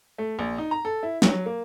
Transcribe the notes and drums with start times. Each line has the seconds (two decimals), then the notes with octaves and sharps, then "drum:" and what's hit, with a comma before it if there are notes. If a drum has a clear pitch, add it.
0.18 A3
0.39 A#1
0.58 D#4
0.71 A#5
0.85 A4
1.03 E4
1.22 F#3, drum: snare
1.46 A#3